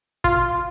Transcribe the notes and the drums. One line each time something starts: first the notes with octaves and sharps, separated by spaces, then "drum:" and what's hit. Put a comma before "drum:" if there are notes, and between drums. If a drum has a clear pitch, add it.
F4, drum: kick